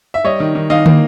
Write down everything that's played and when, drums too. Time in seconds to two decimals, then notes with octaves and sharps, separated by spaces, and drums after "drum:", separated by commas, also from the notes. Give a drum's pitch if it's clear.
0.14 E5
0.24 G3 C#5 D#5
0.40 D#3
0.55 D#3
0.70 D#3 D#5 F5
0.86 A#3, drum: tom